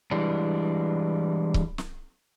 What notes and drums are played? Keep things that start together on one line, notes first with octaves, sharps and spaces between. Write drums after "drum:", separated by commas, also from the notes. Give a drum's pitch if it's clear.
E3 G3 G#3 D4
drum: kick C#1
drum: snare